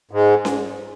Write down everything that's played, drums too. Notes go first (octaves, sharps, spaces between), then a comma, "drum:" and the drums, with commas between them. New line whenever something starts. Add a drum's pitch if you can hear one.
G#2 G#3
drum: snare C#4